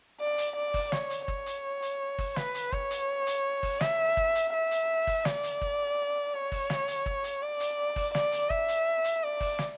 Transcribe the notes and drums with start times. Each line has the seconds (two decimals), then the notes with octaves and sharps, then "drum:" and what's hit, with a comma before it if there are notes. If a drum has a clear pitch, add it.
0.20 D5
0.38 drum: hi-hat
0.56 D5
0.74 drum: kick, open hi-hat
0.92 C#5, drum: snare
1.10 drum: hi-hat
1.28 C#5, drum: kick
1.46 drum: hi-hat
1.82 drum: hi-hat
2.18 drum: kick, open hi-hat
2.36 B4, drum: snare
2.55 drum: hi-hat
2.72 C#5, drum: kick
2.91 drum: hi-hat
3.27 drum: hi-hat
3.63 drum: kick, open hi-hat
3.81 E5, drum: snare
4.17 drum: kick
4.35 drum: hi-hat
4.53 E5
4.71 drum: hi-hat
5.07 drum: kick, open hi-hat
5.25 D5, drum: snare
5.43 drum: hi-hat
5.61 drum: kick
6.34 C#5
6.52 drum: kick, open hi-hat
6.70 drum: snare
6.88 drum: hi-hat
7.06 drum: kick
7.24 drum: hi-hat
7.42 D5
7.60 drum: hi-hat
7.96 drum: kick, open hi-hat
8.15 D5, drum: snare
8.32 drum: hi-hat
8.50 E5, drum: kick
8.68 drum: hi-hat
9.04 drum: hi-hat
9.23 D5
9.41 drum: kick, open hi-hat
9.59 drum: snare